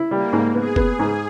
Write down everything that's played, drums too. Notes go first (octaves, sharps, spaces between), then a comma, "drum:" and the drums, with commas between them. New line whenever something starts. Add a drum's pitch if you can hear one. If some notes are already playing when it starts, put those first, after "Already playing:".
Already playing: E4
G3 A#3
G#2
B3 G#4
B3, drum: kick
G#2